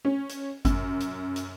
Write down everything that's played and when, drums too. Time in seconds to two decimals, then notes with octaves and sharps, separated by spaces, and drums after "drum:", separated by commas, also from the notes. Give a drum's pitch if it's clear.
0.05 C#4
0.29 drum: hi-hat
0.65 F#2, drum: kick G1, hi-hat
1.00 drum: hi-hat
1.36 drum: hi-hat